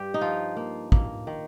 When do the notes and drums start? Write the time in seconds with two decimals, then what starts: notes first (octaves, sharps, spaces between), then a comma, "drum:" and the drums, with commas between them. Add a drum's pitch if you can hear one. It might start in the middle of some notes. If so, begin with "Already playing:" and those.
Already playing: G2 G4
0.14 D#4
0.21 F3 F4
0.57 A#3
0.92 A#3, drum: kick
1.27 D#3